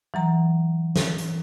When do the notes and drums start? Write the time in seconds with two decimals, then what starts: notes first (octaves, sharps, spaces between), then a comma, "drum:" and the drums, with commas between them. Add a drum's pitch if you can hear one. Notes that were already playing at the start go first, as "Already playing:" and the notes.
0.14 E3 F#3 A#5
0.96 drum: snare
1.18 drum: hi-hat